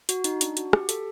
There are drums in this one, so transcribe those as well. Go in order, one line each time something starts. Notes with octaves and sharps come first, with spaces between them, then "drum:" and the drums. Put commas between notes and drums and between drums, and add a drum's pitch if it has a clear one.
F#4, drum: hi-hat
D#4, drum: hi-hat
D4, drum: hi-hat
F#4, drum: hi-hat
G4, drum: rim click
A4, drum: hi-hat